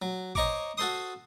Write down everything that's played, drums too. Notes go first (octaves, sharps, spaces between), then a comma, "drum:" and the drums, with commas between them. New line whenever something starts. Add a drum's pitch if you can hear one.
F#3
C5 C#5 D#5 A#5 C#6 D6, drum: kick A1
F#4 A4 C5 C6 D#6